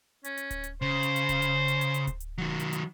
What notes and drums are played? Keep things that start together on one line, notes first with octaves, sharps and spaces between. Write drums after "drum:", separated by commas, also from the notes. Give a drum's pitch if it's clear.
C#4, drum: hi-hat
drum: hi-hat
drum: kick D1, hi-hat
drum: hi-hat
C#3 C5
drum: hi-hat
drum: hi-hat
drum: kick D1, hi-hat
drum: hi-hat
drum: hi-hat
drum: hi-hat
drum: hi-hat
drum: kick D1, hi-hat
drum: hi-hat
D#3 F#3
drum: hi-hat
drum: hi-hat